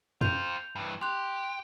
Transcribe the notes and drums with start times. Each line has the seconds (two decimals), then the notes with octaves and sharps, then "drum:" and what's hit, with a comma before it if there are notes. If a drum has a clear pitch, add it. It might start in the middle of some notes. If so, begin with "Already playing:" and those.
0.21 C4 F4 G6 F7, drum: tom F2
0.76 G2 E3
1.01 G4 C6 F#6 F7